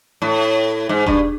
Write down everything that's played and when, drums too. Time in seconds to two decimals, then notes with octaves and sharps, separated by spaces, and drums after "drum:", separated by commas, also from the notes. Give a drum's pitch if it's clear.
0.22 A2
0.89 G#2
1.06 G2, drum: kick E1